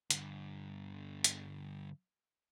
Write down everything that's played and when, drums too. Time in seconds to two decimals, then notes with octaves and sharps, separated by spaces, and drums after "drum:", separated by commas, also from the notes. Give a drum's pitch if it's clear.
0.10 G2 D3, drum: hi-hat
1.24 drum: hi-hat